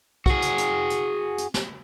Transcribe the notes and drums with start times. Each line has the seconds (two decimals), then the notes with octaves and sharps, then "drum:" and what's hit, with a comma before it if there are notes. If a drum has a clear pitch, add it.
0.26 F#4 G#4, drum: kick
0.42 drum: hi-hat
0.58 drum: hi-hat
0.90 drum: hi-hat
1.38 drum: hi-hat
1.54 drum: snare